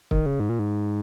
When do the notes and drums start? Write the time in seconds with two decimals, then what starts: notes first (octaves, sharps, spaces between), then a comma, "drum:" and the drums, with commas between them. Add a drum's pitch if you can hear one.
0.11 D#3, drum: kick
0.26 C#3
0.40 G#2
0.49 A#2
0.59 G#2